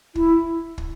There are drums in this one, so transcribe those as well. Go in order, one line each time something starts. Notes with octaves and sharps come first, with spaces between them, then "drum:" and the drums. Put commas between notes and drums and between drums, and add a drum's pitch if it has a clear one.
E4, drum: kick
drum: kick